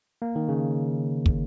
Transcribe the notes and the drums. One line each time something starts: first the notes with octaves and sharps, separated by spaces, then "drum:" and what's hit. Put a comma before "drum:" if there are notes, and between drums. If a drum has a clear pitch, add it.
A#3
D#3
C#3
drum: kick